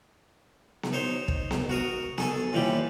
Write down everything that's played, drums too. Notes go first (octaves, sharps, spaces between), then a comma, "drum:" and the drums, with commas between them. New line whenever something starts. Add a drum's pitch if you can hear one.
drum: snare B3
D#4 C5 C#5
drum: kick
drum: snare B3
F#4 A#4 C#6 D#6
G#4 A4 G#5, drum: snare B3
D#2 A#2 E3 G3 G4